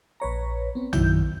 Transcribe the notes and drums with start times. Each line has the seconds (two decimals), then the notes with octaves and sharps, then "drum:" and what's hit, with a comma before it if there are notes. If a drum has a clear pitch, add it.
0.20 A#1 B4 C#5 A#5
0.75 B3 C4
0.93 F#2 D#3 F#3 E4 G6, drum: tom